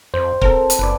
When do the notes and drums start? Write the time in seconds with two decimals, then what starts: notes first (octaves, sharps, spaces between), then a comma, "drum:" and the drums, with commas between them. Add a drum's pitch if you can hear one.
0.14 F2 C5
0.41 C4 A4 A#4, drum: kick
0.70 drum: hi-hat
0.79 F#1 B4 D5